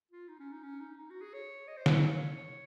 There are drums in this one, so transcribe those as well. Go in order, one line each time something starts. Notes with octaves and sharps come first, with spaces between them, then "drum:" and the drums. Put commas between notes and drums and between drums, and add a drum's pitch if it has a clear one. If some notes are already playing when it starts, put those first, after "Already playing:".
F4
D#4
C#4
D#4
C#4
D#4
D#4
F#4
G#4
C#5
D#5
C5
C#5, drum: snare
C#5